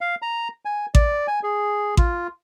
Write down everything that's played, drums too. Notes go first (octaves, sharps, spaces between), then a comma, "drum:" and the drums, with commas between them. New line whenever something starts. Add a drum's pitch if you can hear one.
F5
A#5
G#5
D5, drum: kick A1
G#5
G#4
F4, drum: kick A1